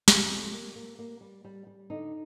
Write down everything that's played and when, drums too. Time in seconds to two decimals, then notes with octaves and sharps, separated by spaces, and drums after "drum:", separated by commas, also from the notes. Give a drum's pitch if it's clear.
0.08 G3 G4, drum: snare
0.30 F2
0.53 A#3
0.76 A#3
0.99 A#3
1.21 G3
1.44 G3
1.67 G3
1.90 D3 D#4